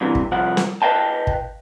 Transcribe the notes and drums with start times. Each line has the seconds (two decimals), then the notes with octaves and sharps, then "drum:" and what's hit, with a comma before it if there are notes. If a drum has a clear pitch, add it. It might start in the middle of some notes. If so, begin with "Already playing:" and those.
0.01 G2 C3 E3
0.15 drum: kick
0.32 C2 F3 F#5
0.57 drum: snare
0.82 B4 D#5 F5 G5 A5
1.27 drum: kick